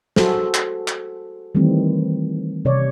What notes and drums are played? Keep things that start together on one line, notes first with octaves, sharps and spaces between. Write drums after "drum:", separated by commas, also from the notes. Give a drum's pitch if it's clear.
F#4 G#4 A4 C5, drum: snare
drum: clap
drum: clap
D#3 E3 G3 A3 C4
C3 C#5 D5